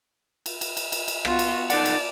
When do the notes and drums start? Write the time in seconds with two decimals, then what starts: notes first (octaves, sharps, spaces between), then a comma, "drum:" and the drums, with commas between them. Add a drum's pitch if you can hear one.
0.46 drum: cymbal
0.61 drum: cymbal
0.77 drum: cymbal
0.92 drum: cymbal
1.08 drum: cymbal
1.25 B3 F4 F#4, drum: rim click
1.39 drum: cymbal
1.70 D#4 A4 D5 F#5 A5, drum: cymbal
1.85 drum: cymbal